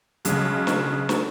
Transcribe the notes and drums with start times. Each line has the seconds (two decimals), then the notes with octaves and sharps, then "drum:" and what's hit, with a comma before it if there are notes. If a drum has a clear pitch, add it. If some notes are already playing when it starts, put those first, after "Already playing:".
0.25 B1 C#3 G#3, drum: hi-hat
0.67 drum: snare
1.09 drum: snare